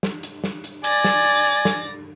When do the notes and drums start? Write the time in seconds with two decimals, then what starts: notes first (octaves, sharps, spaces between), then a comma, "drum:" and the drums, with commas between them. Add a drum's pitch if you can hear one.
0.03 drum: snare
0.23 drum: hi-hat
0.44 drum: snare
0.64 drum: hi-hat
0.84 D5 G#5 A6 A#6, drum: hi-hat
1.04 drum: snare
1.25 drum: hi-hat
1.45 drum: hi-hat
1.65 drum: snare